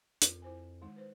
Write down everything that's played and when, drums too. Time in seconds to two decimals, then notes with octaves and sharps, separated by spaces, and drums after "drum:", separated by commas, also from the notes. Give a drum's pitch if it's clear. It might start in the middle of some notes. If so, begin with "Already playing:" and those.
0.22 F2 F4 A#4, drum: hi-hat
0.42 E4 C5 G#5
0.82 D#3 G#3 D#4
0.96 B4 C5